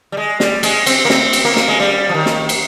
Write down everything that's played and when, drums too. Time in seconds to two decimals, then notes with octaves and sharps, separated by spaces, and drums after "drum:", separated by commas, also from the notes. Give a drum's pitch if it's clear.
0.12 G3
0.17 G#3
0.40 G3, drum: snare
0.63 G#3, drum: cymbal
0.86 C4, drum: cymbal
1.05 A#3
1.10 C4, drum: snare
1.33 drum: cymbal
1.45 A#3
1.56 drum: snare
1.68 G#3
1.80 G3
2.09 F3
2.14 D#3
2.26 drum: snare
2.49 drum: cymbal